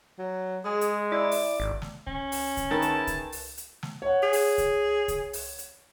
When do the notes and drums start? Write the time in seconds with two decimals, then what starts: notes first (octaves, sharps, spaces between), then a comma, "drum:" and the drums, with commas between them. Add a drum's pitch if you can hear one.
0.19 F#3
0.65 G#3 G#4
0.81 drum: hi-hat
1.12 E4 D5
1.31 drum: open hi-hat
1.60 G#1
1.82 drum: snare
2.07 C#4, drum: kick C#2
2.32 drum: open hi-hat
2.57 drum: kick C#2, hi-hat
2.71 D#3 E4 G#4 A#4 B4 A5
2.82 drum: hi-hat
3.07 drum: kick C#2, hi-hat
3.32 drum: open hi-hat
3.58 drum: hi-hat
3.83 drum: snare
4.02 C#5 F#5
4.23 G#4
4.33 drum: open hi-hat
4.58 drum: kick C#2, hi-hat
5.08 drum: kick C#2, hi-hat
5.33 drum: open hi-hat
5.58 drum: hi-hat